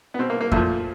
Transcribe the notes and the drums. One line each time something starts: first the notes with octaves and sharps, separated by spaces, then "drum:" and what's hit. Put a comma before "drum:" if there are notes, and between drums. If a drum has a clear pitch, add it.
B3
B2 C4
A#3
A#3
A#2 F3 A3, drum: kick F2